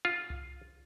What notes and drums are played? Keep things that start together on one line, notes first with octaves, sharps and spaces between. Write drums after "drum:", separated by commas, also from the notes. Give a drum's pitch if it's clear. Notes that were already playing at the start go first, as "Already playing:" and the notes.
F4
drum: tom C2